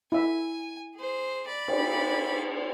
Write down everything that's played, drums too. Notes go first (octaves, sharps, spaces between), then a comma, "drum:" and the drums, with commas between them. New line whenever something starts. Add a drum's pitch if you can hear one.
E4 E5 G#5
G#4 C5
D5 B5
drum: cymbal